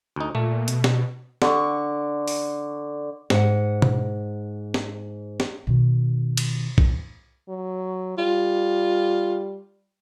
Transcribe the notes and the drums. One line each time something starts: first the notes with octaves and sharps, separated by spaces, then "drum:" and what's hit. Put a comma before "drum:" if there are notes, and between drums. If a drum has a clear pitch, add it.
D2 D#4
A#2 A3
B2, drum: hi-hat
drum: snare
D3 C#6, drum: snare
drum: open hi-hat
G#2 F#5, drum: snare
drum: tom B2
drum: snare
drum: snare
B2 D#3
drum: cymbal
drum: kick
F#3
G3 F4